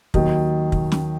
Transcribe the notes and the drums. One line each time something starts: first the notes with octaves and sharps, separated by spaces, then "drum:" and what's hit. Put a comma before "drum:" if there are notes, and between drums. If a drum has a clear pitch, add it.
D#2 D#3 F#3, drum: kick
drum: kick
drum: snare